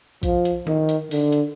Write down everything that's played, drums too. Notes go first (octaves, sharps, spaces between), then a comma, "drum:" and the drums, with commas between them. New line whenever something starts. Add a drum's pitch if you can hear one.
F3, drum: kick A#1, hi-hat
drum: hi-hat
D#3, drum: tom D#3
drum: hi-hat
D3, drum: open hi-hat
drum: hi-hat